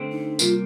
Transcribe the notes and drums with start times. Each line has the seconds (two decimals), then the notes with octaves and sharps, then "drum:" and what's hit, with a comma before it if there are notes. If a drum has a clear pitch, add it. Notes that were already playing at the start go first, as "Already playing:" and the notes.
Already playing: D3 A3 C4
0.12 D#4
0.39 C3 G3 A#3 F4, drum: tambourine